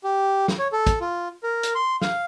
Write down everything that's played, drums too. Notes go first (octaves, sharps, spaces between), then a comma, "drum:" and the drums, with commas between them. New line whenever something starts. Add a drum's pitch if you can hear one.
G4
drum: snare
C#5
A4
drum: kick, hi-hat
F4
A#4
drum: hi-hat
C6
F5, drum: snare